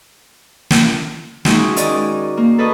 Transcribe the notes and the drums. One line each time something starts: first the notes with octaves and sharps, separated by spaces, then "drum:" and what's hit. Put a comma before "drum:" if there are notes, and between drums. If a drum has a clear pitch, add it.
drum: snare
G#3 D#4 F#4 E5 G#5 C6, drum: snare
D#3 C#4 A#4 D5 D#5, drum: hi-hat
A#3
A4 B4 C#5 D#5